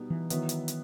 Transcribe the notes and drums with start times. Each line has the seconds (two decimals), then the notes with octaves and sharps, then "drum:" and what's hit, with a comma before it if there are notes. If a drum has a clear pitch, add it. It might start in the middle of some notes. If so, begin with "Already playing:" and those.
Already playing: B2 G3 B3 D#4
0.10 E3
0.30 D#3 F#3 B3 E4, drum: hi-hat
0.49 drum: hi-hat
0.68 drum: hi-hat